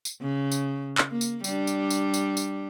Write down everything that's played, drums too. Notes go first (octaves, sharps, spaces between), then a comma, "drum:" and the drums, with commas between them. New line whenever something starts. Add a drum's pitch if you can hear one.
drum: tambourine
C#3
drum: tambourine
drum: clap
A#3
drum: tambourine
G3 D4, drum: tambourine
drum: tambourine
drum: tambourine
drum: tambourine
drum: tambourine